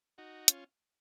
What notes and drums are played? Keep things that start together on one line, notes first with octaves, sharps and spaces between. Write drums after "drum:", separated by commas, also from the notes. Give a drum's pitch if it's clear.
D#4 F#4
C#4 F4, drum: hi-hat